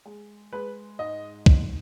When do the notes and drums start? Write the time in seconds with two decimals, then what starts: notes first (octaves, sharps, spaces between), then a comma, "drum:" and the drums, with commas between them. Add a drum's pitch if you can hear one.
0.05 G#3
0.53 G#3 B4
0.99 G#2 D#5
1.46 D#4, drum: kick